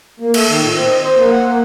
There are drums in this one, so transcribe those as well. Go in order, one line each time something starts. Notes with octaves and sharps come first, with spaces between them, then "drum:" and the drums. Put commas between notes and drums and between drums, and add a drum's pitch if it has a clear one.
A#3
A3, drum: cymbal
D#3
A#2
C4
D#5
C5
A#3
F#5
A#3